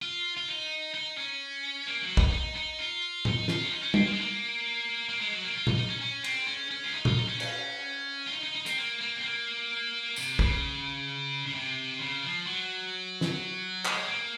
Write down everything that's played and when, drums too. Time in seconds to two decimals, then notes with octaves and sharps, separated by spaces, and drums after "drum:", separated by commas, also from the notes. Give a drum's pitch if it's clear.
0.02 F4
0.37 F4
0.48 D#4
0.94 D#4
1.18 C#4
1.87 A#3
2.02 F#3
2.17 D#4, drum: kick
2.33 D#4
2.56 D#4
2.78 F4
3.25 D#4, drum: tom A2
3.48 F4, drum: snare
3.62 C#4
3.71 D#4
3.83 C#4
3.94 C4, drum: tom
4.06 A#3
4.13 G#3
4.21 A#3
5.09 A#3
5.21 G#3
5.32 F#3
5.44 A#3
5.55 F4
5.67 D#4, drum: tom A#2
5.78 D#4
5.90 C#4
6.01 C#4
6.24 C4, drum: cymbal
6.47 C#4
6.71 C#4
6.84 F4
6.93 D#4
7.05 F4, drum: tom A#2
7.17 D#4
7.28 C#4
7.40 C#4, drum: cymbal
8.27 F4
8.32 D#4
8.43 D#4
8.55 D#4
8.66 C4, drum: hi-hat
8.78 A#3
9.01 A#3
9.16 C4
9.24 A#3
10.16 C3, drum: tambourine
10.39 C#3, drum: kick
11.47 C#3
11.55 C3
12.00 C#3
12.24 F3
12.47 F#3
13.21 drum: snare
13.85 G#3, drum: clap
14.08 A#3